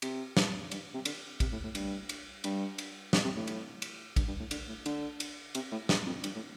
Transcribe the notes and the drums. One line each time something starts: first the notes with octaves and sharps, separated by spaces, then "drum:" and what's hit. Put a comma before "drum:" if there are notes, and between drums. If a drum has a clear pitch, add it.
C3, drum: cymbal
drum: snare
G2, drum: cymbal
C3
D3, drum: cymbal
C3, drum: kick, cymbal
A2
A2
G2, drum: cymbal
drum: cymbal
G2, drum: cymbal
drum: cymbal
C3, drum: snare
C3
A2
drum: cymbal
drum: cymbal
G2, drum: kick, cymbal
G2
A2
D3, drum: cymbal
A2
D3, drum: cymbal
drum: cymbal
C3, drum: cymbal
A2
G2, drum: snare
F2
G2, drum: cymbal
A2